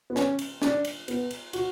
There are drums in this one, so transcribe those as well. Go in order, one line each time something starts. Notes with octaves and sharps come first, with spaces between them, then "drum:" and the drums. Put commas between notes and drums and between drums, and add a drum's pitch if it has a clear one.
B3
C#4, drum: snare
drum: cymbal
D4, drum: snare
drum: cymbal
B3, drum: cymbal
drum: cymbal
F#4, drum: cymbal